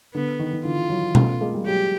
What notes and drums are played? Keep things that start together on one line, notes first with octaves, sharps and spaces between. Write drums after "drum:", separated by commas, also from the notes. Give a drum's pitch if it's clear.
D3 B3
D#3
D#3
D3 E3 F4
E3 F#3
A3 B3, drum: tom B2
G#3 A#3
G3
F#3 G#3 G4